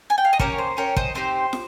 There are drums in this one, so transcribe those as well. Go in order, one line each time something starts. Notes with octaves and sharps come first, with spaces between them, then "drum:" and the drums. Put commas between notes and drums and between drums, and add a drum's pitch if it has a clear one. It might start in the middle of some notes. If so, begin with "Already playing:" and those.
G#5
G5
F5
D#5
A#3 C#4 G4 A#4 C#5, drum: kick
C5
C#4 G4 A#4 C#5
C5 D#5, drum: kick
C4 D#4 G4 C5
drum: snare